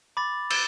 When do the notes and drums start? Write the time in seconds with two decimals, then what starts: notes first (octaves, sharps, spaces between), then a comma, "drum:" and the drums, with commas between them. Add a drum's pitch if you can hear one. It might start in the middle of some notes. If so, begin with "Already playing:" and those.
0.17 B5 D6 A6
0.50 E6 A6 E7 G7, drum: cymbal